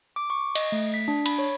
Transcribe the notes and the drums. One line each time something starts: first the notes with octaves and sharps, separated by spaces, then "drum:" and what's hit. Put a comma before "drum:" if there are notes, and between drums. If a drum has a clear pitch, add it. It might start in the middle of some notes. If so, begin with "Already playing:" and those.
D6
C#6
D#5, drum: cymbal
A3
B6
D4
B5, drum: cymbal
C#5